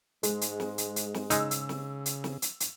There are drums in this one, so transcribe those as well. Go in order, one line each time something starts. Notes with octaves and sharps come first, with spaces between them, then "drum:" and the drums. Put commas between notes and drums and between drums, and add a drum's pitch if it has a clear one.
G#2 G#3, drum: hi-hat
drum: hi-hat
drum: snare
drum: hi-hat
drum: hi-hat
drum: snare
C#3 G#3 D#4 E6, drum: hi-hat
drum: hi-hat
drum: snare
drum: hi-hat
drum: snare
drum: hi-hat
drum: hi-hat